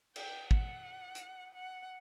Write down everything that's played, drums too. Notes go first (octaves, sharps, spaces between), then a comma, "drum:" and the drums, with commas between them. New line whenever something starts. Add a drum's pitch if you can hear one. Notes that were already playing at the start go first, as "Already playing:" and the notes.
G5, drum: cymbal
F#5, drum: kick
drum: hi-hat
F#5